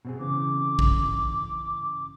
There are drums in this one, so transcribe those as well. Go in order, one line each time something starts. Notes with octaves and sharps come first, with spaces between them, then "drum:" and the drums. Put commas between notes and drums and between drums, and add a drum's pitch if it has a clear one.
B2 C4 G#4
C#3 E3 D6
drum: kick A#1